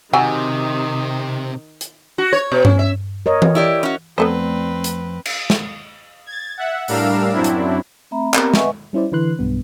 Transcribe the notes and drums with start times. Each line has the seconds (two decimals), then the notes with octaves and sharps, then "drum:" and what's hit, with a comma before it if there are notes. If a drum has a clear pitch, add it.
0.13 C3 D#3 F#3 G#5
1.81 drum: hi-hat
2.18 F#4
2.33 C#5
2.52 B2
2.65 C#4, drum: tom G2
2.79 E5
3.26 A#4 C#5 D#5
3.42 drum: tom E3
3.55 E4 G4 D5
3.83 C#4 F#4
4.18 F2 A3 B3 C4 A4 B4 C5 D5
4.84 drum: hi-hat
5.25 drum: cymbal
5.50 drum: snare
6.26 G#6 A6
6.57 E5 F#5
6.88 A2 G3 D4 A#4 F5 E6, drum: open hi-hat
7.33 F#2 F#3 C4 D4 E4
7.44 drum: hi-hat
8.11 A3 C4 E5 A#5 B5
8.34 B3 C4 G4 A#4 A#5 B5, drum: clap
8.54 B4 D#5 E5 F#5 G#5 C#6, drum: snare
8.93 G3 C#4 E4 C5 D5
9.12 D3 E3 B4 C6 F#6
9.39 B1 G2 B3